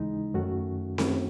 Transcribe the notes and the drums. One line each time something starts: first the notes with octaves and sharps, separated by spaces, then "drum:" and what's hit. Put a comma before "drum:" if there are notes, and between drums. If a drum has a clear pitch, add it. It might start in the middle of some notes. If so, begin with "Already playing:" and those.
Already playing: D#2 C#3 E3 G#3 D#4
F#2 D#3 A3 C#4 F#4
F#2 D#3 A3 C#4 F#4, drum: snare C4